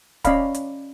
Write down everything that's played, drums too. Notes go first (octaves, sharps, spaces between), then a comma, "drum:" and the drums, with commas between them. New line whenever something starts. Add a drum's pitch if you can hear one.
C#4 D5 D#5 F5 B5, drum: kick, hi-hat
drum: hi-hat